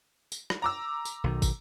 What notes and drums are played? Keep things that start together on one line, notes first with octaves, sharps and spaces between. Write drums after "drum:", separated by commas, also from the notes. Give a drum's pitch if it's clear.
drum: tambourine
drum: rim click
A#5 D6 E6
drum: tambourine
B1 D#3
drum: kick, tambourine